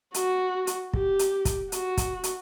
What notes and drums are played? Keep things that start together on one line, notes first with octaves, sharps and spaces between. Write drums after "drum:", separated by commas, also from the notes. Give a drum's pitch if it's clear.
F#4, drum: hi-hat
drum: hi-hat
G4, drum: kick
drum: hi-hat
drum: kick, hi-hat
F#4, drum: hi-hat
drum: kick, hi-hat
drum: hi-hat